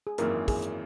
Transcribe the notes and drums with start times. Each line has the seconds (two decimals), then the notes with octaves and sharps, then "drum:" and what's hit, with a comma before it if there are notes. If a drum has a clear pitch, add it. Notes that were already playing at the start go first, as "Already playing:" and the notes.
0.07 G#4
0.18 G#1 F#2 E3 A#3 A#4, drum: hi-hat
0.48 G#4, drum: kick, open hi-hat
0.62 drum: hi-hat